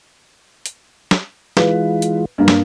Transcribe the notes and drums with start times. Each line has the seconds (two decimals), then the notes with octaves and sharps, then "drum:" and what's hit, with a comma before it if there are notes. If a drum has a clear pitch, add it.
0.66 drum: hi-hat
1.11 drum: snare
1.57 E3 G#3 F4 B4, drum: snare
2.02 drum: hi-hat
2.38 G2 A#3
2.48 drum: snare